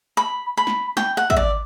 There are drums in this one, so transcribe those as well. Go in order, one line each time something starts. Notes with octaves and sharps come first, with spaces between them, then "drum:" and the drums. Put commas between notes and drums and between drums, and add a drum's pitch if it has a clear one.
B5
B5
drum: snare
G5, drum: snare
F#5
E5, drum: kick
D5